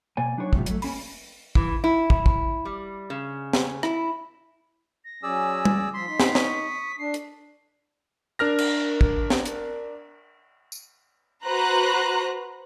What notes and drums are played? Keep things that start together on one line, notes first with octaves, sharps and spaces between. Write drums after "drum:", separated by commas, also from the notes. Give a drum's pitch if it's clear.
B2 A#3 D5 G#5
F#3 D4 D#4 F#4 A#4 C#5
F#2 A2 C3 F3 G3, drum: kick
F#3 A3, drum: hi-hat
A#3 C#4 B5, drum: open hi-hat
E3, drum: kick
E4
drum: kick
drum: kick
G3
C#3
drum: snare
E4, drum: rim click
A#6
F#3 C#4 G#4 D5 E6
drum: tom
F3 C6 B6
D#4 C6
drum: snare
C#6 D#6, drum: snare
D4 C7
drum: hi-hat
D4 A#4 F6 A#6
drum: cymbal
drum: kick
drum: snare
drum: hi-hat
drum: tambourine
F#4 B4 C5 A#5 F#6